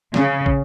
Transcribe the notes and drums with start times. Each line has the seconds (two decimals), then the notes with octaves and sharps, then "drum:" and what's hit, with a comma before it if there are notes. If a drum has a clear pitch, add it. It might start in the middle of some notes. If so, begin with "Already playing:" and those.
0.14 C#3, drum: snare
0.46 drum: kick